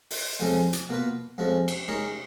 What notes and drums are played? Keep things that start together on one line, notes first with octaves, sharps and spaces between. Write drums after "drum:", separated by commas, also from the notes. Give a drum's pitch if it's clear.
drum: open hi-hat
F2 F3 G#3 C#4
drum: hi-hat
B2 A#3 F4 B4
F2 F3 G#3 C#4 F#4
drum: cymbal
G#3 D#4 A#4 C#5